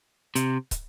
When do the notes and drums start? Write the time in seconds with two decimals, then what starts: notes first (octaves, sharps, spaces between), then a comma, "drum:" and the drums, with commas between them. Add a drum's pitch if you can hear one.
0.35 C3, drum: hi-hat
0.71 drum: kick, hi-hat